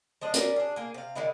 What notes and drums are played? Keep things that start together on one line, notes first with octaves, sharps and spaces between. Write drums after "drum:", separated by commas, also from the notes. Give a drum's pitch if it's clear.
F3 G#3 D4
C#4 A#4 D5, drum: hi-hat
D4 G#4
A#3 G#4
C3 F5
D3 D#3 G#3 E4